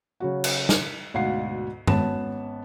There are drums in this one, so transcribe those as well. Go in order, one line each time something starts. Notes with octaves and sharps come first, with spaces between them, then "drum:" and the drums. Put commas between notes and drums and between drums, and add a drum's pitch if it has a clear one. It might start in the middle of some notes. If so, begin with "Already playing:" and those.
C#3 F#3 F#4
drum: cymbal
drum: snare
D2 G#2 B2 F5 F#5 C7
G#1 B3 C#4 A5 E7, drum: tom G2